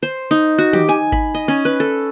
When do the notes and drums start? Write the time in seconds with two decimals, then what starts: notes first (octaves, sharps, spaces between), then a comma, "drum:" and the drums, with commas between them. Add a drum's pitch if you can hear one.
0.03 C5
0.31 D#4
0.58 F#4
0.73 G4, drum: tom
0.89 G#5
1.12 B5, drum: kick G#1
1.34 D#5
1.48 C#4
1.65 B4
1.80 A4